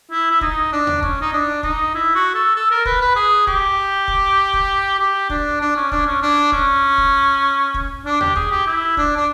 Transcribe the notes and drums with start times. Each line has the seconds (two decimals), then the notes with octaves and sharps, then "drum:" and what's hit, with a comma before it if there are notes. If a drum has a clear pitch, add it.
0.11 E4
0.31 E4
0.41 D#4, drum: kick
0.72 D4
0.87 drum: tom D#2
1.02 C#4, drum: kick
1.21 D#4
1.33 D4
1.63 D#4, drum: kick
1.95 E4
2.15 F#4
2.34 A4
2.56 A4
2.71 A#4
2.85 B4, drum: kick
3.01 B4
3.16 G#4
3.47 G4, drum: kick
4.08 drum: kick
4.54 drum: kick
4.99 G4
5.30 D4, drum: kick
5.61 D4
5.76 C#4
5.92 D4, drum: kick
6.07 C#4
6.22 D4
6.52 C#4, drum: kick
6.98 drum: kick
7.74 drum: kick
8.05 D4
8.21 G4, drum: tom D#2
8.35 G#4, drum: kick
8.51 G4
8.67 E4
8.97 D4, drum: kick
9.17 D4